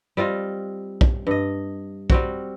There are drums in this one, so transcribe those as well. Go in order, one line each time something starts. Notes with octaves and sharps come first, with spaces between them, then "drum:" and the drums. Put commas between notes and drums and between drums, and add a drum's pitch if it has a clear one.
G3 C4 F4 D#5
drum: kick B1
G2 D#5
G3 C4 F#4, drum: kick B1